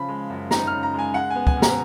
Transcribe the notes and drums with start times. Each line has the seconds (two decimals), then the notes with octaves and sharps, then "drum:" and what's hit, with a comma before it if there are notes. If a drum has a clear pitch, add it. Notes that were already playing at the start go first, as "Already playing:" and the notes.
Already playing: C#3 F3 B5
0.08 G#3
0.30 F#2
0.51 D#4 A#5, drum: snare
0.67 C#3 F6
0.83 A#5
0.94 G#3 G#5
1.14 G#3 F#5
1.30 B3 G#5
1.47 G#5, drum: kick
1.57 B2
1.62 A#5, drum: snare